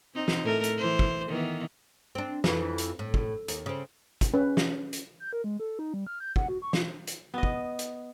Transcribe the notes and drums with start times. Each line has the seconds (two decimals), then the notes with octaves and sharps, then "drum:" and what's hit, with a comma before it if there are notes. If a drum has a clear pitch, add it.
0.14 C4 D#4
0.28 drum: snare
0.44 A2 A3 A#4
0.64 drum: hi-hat
0.77 E3 C5
0.99 drum: kick
1.28 D#3 E3 B3
2.15 C4 D4
2.44 F2 E3, drum: snare
2.78 drum: hi-hat
2.99 A2
3.14 drum: kick
3.48 D#2, drum: hi-hat
3.66 C#3 C4
4.21 drum: kick, hi-hat
4.34 C#4 B4
4.57 drum: snare
4.93 drum: hi-hat
5.20 G6
5.33 A#4
5.44 G#3
5.60 A4
5.79 D#4
5.94 G3
6.07 F6
6.20 G6
6.36 F#5, drum: kick
6.49 F#4
6.62 C#6
6.73 F4, drum: snare
7.07 drum: hi-hat
7.34 B3 D#5
7.43 drum: kick
7.79 drum: hi-hat